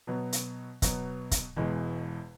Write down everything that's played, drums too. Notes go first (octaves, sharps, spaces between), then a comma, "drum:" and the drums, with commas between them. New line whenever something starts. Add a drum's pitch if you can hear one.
B2 F#3 B3
drum: hi-hat
B2 F#3 B3, drum: kick, hi-hat
drum: kick, hi-hat
E1 E2 B2 G#3